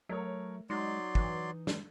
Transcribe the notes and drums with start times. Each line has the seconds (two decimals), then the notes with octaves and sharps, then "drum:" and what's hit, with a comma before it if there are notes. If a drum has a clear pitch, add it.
0.09 F#3 A3 A#4 C#5
0.70 F#3 G#3 D#4 D5 C6
1.15 E3, drum: kick
1.67 drum: snare